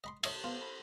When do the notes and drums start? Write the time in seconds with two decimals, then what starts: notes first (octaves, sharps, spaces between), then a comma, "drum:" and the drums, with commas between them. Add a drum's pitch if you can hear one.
0.04 D#5 B5 C6
0.23 C#5 D#5 E5, drum: cymbal
0.44 B3 F4
0.62 B5